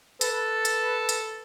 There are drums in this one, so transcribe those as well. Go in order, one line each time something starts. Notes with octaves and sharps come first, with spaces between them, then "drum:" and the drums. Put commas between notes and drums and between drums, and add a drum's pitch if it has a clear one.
A4 B4, drum: hi-hat
drum: hi-hat
drum: hi-hat